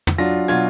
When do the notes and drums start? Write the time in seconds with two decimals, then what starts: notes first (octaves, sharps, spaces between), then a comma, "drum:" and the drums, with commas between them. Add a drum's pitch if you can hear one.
0.07 drum: tom
0.18 F#3 D4 F4 A#6
0.48 B2 F#3 D4 F4 G#6